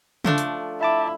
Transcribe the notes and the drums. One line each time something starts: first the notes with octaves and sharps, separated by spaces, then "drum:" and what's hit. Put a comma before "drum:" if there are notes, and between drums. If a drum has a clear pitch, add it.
F3 A3 D4, drum: tom C#3
drum: hi-hat
E4 E5 A5 D6